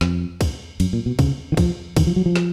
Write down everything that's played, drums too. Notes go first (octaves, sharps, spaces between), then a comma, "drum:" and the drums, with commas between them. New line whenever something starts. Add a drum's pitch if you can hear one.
F2, drum: snare
drum: kick, cymbal
F#2, drum: cymbal
A#2
B2
C#3, drum: kick, cymbal
D#3
F3, drum: kick, cymbal
D#3, drum: kick, cymbal
F3
F#3
F3
drum: snare